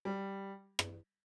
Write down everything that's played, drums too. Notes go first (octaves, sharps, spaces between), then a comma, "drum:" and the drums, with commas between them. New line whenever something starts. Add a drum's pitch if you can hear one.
G3
drum: rim click